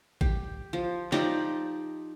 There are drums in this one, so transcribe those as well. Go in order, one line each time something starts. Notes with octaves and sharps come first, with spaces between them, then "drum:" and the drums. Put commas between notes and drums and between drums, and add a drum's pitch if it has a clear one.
G4, drum: kick A1
F3
F3 D#4 G4 D5, drum: snare